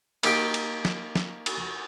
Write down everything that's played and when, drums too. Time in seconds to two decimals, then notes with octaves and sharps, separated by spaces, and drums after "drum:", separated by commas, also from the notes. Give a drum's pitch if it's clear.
0.23 A#3 D#4 G4 F5 G5, drum: cymbal
0.54 drum: cymbal
0.85 drum: snare
1.15 drum: snare
1.46 drum: cymbal